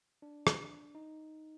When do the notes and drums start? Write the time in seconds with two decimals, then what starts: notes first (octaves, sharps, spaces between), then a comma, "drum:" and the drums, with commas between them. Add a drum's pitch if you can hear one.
0.22 D4
0.47 drum: rim click
0.95 D#4